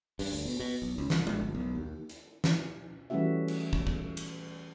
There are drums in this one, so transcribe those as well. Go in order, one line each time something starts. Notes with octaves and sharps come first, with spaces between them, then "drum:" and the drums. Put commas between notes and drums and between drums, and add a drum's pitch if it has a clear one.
G2, drum: open hi-hat
D2
B2
B2
B1
C#2
C2, drum: snare
A#1, drum: tom G#3
G1
B1
D#2
drum: hi-hat
drum: snare
E3 G3 A3 C#4 F#4 E5
drum: cymbal
drum: kick
drum: kick
drum: cymbal